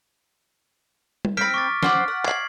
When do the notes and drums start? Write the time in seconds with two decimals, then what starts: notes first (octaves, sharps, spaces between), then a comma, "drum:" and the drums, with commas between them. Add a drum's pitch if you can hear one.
1.25 drum: tom
1.37 C4 B5 F6 B6 D7
1.54 C#6 D6 A6
1.83 C5 F#5 D6 F6, drum: snare
2.08 F#5
2.26 G#6 C7 F#7, drum: clap